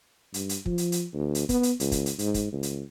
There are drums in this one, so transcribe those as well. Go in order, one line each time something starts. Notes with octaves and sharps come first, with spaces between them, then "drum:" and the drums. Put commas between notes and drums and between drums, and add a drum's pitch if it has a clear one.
G2, drum: hi-hat
drum: hi-hat
F3, drum: kick
drum: hi-hat
drum: hi-hat
D2
drum: hi-hat
B3, drum: kick, hi-hat
drum: hi-hat
C#2, drum: hi-hat
drum: kick, hi-hat
drum: hi-hat
G#2, drum: hi-hat
drum: kick, hi-hat
C#2
drum: hi-hat